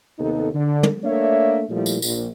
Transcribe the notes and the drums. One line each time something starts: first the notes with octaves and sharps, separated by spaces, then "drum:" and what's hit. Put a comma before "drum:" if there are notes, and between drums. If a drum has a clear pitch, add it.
D#2 C3 B3 D#4 A4
D3
drum: tom
A3 A#3 D4 C#5 E5
A#2 F3 G3 A3 E4
drum: tambourine
A#1, drum: tambourine